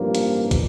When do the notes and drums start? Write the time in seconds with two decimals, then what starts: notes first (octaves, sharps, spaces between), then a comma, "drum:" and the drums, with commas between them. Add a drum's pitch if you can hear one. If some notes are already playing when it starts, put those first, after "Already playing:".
Already playing: A1 G2 F3 A#3
0.15 drum: hi-hat
0.51 drum: kick, hi-hat